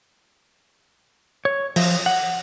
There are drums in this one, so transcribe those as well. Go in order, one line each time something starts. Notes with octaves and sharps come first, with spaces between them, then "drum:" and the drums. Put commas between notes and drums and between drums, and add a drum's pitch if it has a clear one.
C#5
F3, drum: open hi-hat
F#5